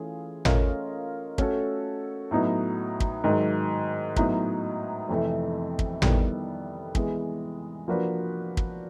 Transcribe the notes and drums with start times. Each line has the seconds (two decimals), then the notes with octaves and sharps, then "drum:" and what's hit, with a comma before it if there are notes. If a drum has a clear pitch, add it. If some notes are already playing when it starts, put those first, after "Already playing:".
Already playing: E3 A3 C#4 F4 G#4
0.45 A3 C#4 F4 A#4 D#5, drum: tom
1.38 A3 C#4 F#4 A4, drum: kick
2.31 A2 F#3 B3 D#4
3.00 drum: kick
3.24 G#2 D#3 F#3
4.16 A2 F#3 B3 D#4, drum: kick
5.09 F2 C3 E3 A3
5.79 drum: kick
6.02 D#3 G3 B3 E4 A4, drum: tom
6.95 E3 G#3 B3, drum: kick
7.88 F3 A#3 D4 F#4 B4
8.57 drum: kick